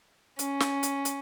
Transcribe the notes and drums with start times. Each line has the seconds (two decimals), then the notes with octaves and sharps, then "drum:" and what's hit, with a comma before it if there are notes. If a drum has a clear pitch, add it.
0.39 C#4, drum: hi-hat
0.60 drum: snare
0.83 drum: hi-hat
1.05 drum: hi-hat